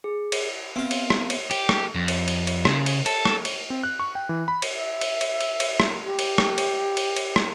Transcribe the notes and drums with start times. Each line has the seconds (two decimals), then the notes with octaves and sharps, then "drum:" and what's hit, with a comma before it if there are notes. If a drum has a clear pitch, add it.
0.04 G#4
0.32 drum: cymbal
0.76 B3 C4 F4 E5 F5
0.91 drum: cymbal
1.10 drum: rim click
1.30 drum: cymbal
1.51 G4, drum: cymbal
1.69 drum: rim click
1.95 F2
2.08 drum: cymbal
2.28 drum: cymbal
2.47 drum: cymbal
2.65 C#3, drum: rim click
2.86 drum: cymbal
3.06 A4, drum: cymbal
3.25 drum: rim click
3.45 drum: cymbal
3.70 C4
3.83 F#6
4.00 C#6
4.15 G5
4.29 E3
4.48 B5
4.62 drum: cymbal
4.75 E5
5.01 drum: cymbal
5.21 drum: cymbal
5.40 drum: cymbal
5.60 drum: cymbal
5.80 drum: rim click
6.05 G4
6.19 drum: cymbal
6.38 drum: rim click
6.58 drum: cymbal
6.97 drum: cymbal
7.16 drum: cymbal
7.36 drum: rim click